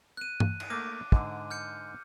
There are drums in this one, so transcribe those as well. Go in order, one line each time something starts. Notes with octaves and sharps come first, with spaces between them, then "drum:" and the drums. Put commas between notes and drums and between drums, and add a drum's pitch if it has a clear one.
F#6 D#7
drum: tom G2
drum: cymbal
A3 A#3 D6
G#2 D3, drum: kick
F6 G6 C#7